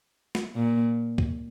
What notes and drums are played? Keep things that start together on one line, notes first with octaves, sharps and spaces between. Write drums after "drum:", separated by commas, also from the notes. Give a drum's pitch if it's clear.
drum: snare
A#2
drum: kick